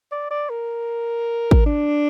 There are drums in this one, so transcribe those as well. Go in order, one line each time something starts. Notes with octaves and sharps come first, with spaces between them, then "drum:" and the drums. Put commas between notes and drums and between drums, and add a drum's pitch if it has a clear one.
D5
D5
A#4
drum: kick
D4